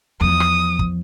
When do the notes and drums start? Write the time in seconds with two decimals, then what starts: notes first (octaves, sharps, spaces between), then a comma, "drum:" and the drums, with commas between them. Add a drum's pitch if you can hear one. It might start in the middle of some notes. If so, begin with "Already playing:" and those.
0.21 E2 F3 D#6
0.40 drum: rim click
0.79 drum: kick